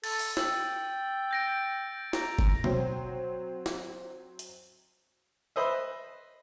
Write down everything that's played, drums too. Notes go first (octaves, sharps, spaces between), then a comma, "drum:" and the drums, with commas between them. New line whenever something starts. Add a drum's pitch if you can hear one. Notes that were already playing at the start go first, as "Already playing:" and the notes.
A4 A6, drum: cymbal
drum: open hi-hat
G5 E6, drum: snare
G6 A#6 D7
A#5, drum: snare
drum: kick F#1
F#3 C4, drum: tom B2
drum: snare
drum: hi-hat
B4 C5 D#5 E5